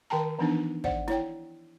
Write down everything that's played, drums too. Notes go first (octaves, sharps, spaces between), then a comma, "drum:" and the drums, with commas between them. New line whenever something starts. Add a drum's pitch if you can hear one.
D#3 A#4 G5 A5 A#5
E3 F3 B3 D4 D#4
C5 D5 F#5, drum: kick
E4 C#5 G5, drum: snare